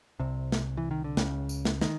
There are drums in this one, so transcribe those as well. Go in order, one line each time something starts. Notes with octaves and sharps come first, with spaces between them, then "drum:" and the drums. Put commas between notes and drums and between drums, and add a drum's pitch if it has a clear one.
C2 C3
drum: snare
E3
D#3
D3
C#2 C#3, drum: snare
drum: tambourine
drum: snare
D#3, drum: snare